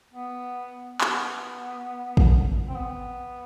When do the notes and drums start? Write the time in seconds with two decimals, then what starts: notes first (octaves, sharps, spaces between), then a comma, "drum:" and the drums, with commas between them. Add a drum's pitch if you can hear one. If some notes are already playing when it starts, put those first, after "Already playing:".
0.13 B3
1.01 B3, drum: clap
2.17 drum: kick
2.69 C4
2.76 B3